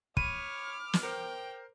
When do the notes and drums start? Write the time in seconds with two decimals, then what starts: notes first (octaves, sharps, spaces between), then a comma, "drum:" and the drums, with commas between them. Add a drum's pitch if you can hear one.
0.17 C#5 B5 D6 F6 D#7, drum: kick
0.93 drum: snare
1.03 A#4 C5 G5